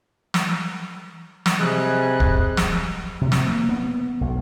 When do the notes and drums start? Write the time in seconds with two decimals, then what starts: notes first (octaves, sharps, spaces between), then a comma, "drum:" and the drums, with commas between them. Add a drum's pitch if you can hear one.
0.34 drum: snare
1.46 drum: snare
1.59 C3 G3 G#4 D#5 G#5 F#6
2.20 drum: kick
2.57 drum: snare
3.21 C3
3.32 drum: snare
3.46 A#3
3.69 B3
4.21 B1